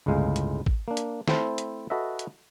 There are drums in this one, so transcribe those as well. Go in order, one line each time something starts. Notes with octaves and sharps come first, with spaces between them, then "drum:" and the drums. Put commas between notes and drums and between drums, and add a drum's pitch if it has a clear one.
G1 C#2 A2 G#3 F5
drum: hi-hat
drum: kick
A#3 D4
drum: hi-hat
A3 C4 E4 C5 A5, drum: snare
drum: hi-hat
F#4 A4 B4 D#5 E5
drum: hi-hat